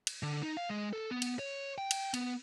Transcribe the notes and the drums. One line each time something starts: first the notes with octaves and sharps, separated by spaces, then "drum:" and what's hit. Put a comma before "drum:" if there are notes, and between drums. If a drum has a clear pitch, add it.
drum: cymbal
D3
D#4
F5
G#3
A4
B3
drum: cymbal
C#5
G5
drum: cymbal
B3, drum: cymbal